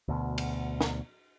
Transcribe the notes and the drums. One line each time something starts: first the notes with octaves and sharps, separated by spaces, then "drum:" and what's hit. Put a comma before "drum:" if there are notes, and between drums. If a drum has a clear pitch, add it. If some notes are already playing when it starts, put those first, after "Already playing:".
D2 B2
drum: cymbal
drum: snare